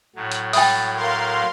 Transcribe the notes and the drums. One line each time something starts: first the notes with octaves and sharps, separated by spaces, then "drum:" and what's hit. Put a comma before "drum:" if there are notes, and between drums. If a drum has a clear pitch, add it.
A2 F#3
drum: hi-hat
E5 G5 B5 D#6 A6, drum: open hi-hat
A#4 F5 C6